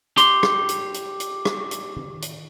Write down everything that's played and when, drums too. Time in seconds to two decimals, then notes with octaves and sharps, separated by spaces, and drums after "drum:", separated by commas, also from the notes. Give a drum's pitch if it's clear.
0.17 G4 C6, drum: hi-hat
0.43 drum: rim click
0.69 drum: hi-hat
0.94 drum: hi-hat
1.20 drum: hi-hat
1.45 drum: rim click
1.71 drum: hi-hat
1.97 drum: tom D#3
2.22 drum: hi-hat